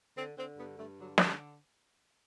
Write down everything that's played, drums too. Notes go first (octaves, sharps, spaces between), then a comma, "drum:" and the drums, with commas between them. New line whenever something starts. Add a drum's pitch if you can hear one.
D3 C4
D3 C4
G2 B3
G2 A3
D3 F#3
D3, drum: snare
G3